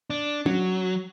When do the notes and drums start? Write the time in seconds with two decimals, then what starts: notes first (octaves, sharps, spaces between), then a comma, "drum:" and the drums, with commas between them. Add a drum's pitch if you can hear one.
0.10 D4
0.46 F#3, drum: tom C#4